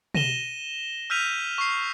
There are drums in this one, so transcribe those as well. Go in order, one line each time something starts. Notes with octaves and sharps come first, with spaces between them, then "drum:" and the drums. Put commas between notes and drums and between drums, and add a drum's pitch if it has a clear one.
A#6 D#7 E7 G7, drum: tom
E6 F6 G6 B6 D#7 F7
C#6 C7